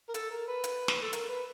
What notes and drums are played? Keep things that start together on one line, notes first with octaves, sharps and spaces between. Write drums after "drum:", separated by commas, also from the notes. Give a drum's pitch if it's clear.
A#4
A4, drum: hi-hat
A#4
B4
drum: hi-hat
drum: snare
A4
A#4, drum: hi-hat
B4